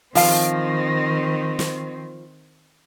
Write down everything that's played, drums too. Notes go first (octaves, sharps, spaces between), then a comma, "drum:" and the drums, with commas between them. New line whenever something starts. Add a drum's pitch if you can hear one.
D#3 F3 C4 F5, drum: open hi-hat
drum: snare